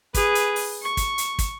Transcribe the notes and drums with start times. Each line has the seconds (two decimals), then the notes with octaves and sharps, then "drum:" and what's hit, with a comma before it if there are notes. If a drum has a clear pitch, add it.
0.14 G#4 B4, drum: kick, hi-hat
0.35 drum: hi-hat
0.56 drum: open hi-hat
0.83 C#6
0.97 drum: kick, hi-hat
1.18 drum: hi-hat
1.39 drum: kick, hi-hat